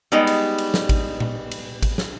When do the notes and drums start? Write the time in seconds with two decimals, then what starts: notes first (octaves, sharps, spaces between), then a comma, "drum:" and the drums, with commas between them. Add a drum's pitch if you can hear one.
0.12 G3 G#3 B3 D#4
0.27 drum: cymbal
0.58 drum: cymbal
0.74 drum: snare
0.89 drum: kick G#1, cymbal
1.20 drum: tom A#2
1.51 drum: cymbal
1.83 drum: kick G#1, cymbal
1.98 drum: snare